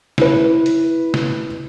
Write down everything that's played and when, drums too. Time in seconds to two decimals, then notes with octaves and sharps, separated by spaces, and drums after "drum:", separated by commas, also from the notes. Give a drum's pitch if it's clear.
0.18 E4 B4, drum: snare
0.66 drum: hi-hat
1.14 drum: snare